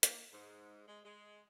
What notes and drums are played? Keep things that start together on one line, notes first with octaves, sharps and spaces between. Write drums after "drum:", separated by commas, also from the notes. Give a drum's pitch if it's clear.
A#3, drum: hi-hat
G#2
G#3
G#3